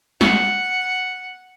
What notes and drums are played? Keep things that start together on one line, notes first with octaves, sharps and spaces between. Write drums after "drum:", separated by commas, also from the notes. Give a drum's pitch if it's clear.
F#5, drum: snare